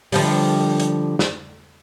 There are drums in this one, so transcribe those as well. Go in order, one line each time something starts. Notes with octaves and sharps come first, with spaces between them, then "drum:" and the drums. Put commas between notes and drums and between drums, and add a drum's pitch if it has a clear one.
D3 F3 G3, drum: open hi-hat
drum: hi-hat
drum: snare